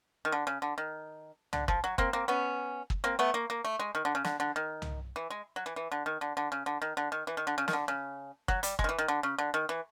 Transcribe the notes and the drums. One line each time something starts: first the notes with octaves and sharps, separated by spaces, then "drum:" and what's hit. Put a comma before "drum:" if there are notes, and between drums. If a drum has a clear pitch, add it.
D#3
D3
C#3
D3
D#3
D3, drum: tom C2
F3, drum: kick
F#3
A#3 C4, drum: kick
A#3 C4
B3 C#4
drum: kick
A#3 C4
A3 B3
A#3
A#3
A3
G#3
D#3
D3
C#3
D3, drum: snare
D3
D#3
drum: tom C2
E3
G#3
F#3
E3
E3
D3
D#3
D3
D3
C#3
D3
D#3
D3
D#3
E3
D#3
D3
C#3
D#3, drum: snare
D3
C#3
F#3, drum: kick
G3, drum: hi-hat
G#3, drum: kick
D#3
E3
D#3
D3
C#3
D3
D#3
E3